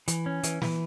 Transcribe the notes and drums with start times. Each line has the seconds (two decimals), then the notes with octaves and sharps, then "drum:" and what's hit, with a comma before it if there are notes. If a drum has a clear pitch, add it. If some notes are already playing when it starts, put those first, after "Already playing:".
0.08 E3, drum: hi-hat
0.26 C#4
0.43 E3, drum: hi-hat
0.62 E3, drum: snare